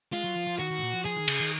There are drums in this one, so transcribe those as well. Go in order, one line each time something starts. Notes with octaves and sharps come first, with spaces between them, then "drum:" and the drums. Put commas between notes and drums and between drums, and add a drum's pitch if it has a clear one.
G#3 F4
F#3
F3
F3
D#3 F#4
D#3
G#2
A#2
F3
F3 G#4
D#3
C#3, drum: cymbal
D#3